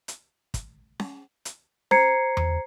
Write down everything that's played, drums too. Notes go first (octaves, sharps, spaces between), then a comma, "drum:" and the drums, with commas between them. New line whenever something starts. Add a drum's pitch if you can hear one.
drum: hi-hat
drum: kick, hi-hat
drum: snare C#4
drum: hi-hat
C5 A#5 G#6 C7 C#7, drum: snare C#4
drum: tom E2